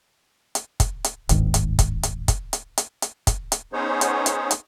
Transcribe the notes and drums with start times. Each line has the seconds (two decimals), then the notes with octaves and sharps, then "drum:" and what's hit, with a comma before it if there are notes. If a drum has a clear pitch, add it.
0.55 drum: hi-hat
0.80 drum: kick, hi-hat
1.04 drum: hi-hat
1.29 D1 G1 G#2 D#3, drum: hi-hat
1.54 drum: hi-hat
1.79 drum: kick, hi-hat
2.03 drum: hi-hat
2.28 drum: kick, hi-hat
2.53 drum: hi-hat
2.78 drum: hi-hat
3.02 drum: hi-hat
3.27 drum: kick, hi-hat
3.52 drum: hi-hat
3.73 B3 C#4 D#4 G#4 C5 C#5
4.01 drum: hi-hat
4.26 drum: hi-hat
4.51 drum: hi-hat